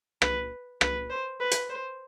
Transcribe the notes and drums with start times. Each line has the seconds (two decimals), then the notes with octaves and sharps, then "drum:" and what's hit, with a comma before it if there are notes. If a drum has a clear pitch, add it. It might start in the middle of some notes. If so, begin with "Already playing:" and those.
0.22 B4, drum: rim click
0.81 B4, drum: rim click
1.10 C5
1.40 B4
1.51 drum: hi-hat
1.69 C5